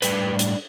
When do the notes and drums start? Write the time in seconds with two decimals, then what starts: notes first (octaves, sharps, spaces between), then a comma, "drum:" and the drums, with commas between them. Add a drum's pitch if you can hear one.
0.02 A2 G3 D4 B4, drum: hi-hat
0.39 drum: hi-hat